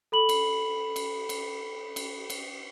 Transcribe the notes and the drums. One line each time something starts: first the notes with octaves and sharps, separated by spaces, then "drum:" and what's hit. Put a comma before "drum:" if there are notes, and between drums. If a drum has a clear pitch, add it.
A4 B5 F#7
drum: cymbal
drum: cymbal
drum: cymbal
drum: cymbal
drum: cymbal